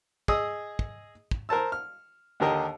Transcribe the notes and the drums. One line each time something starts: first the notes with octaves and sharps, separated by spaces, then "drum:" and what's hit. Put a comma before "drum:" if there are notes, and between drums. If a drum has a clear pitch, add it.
G#4 D#5 D#6 E6, drum: kick
drum: kick
drum: kick
A#4 C5 A5 E6
F6
D#2 D3 G4 A#4 D#5